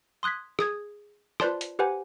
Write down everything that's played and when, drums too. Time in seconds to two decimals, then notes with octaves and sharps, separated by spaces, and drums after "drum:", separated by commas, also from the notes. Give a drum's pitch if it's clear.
0.23 C6 D#6 F#6 G#6 B6
0.59 G#4 D#6 G#6, drum: rim click
1.40 F4 B4 C5 D5 A5 C6, drum: rim click
1.61 drum: hi-hat
1.79 G4 B4 C5 F#5 G#5